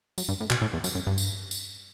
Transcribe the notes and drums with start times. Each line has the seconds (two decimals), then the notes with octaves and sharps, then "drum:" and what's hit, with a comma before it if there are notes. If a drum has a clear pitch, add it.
0.18 F#2, drum: tambourine
0.29 G2
0.41 A2
0.50 B2, drum: clap
0.62 A2
0.73 E2
0.84 F#2, drum: tambourine
0.95 F#2
1.07 G2
1.18 drum: tambourine
1.51 drum: tambourine